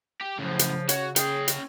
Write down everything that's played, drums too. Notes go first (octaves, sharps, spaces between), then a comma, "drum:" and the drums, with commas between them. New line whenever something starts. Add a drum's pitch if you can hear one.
G4
F#2 A2 C#3 F3
drum: hi-hat
F#4 C#5, drum: hi-hat
C#4 G#4 G5, drum: hi-hat
drum: hi-hat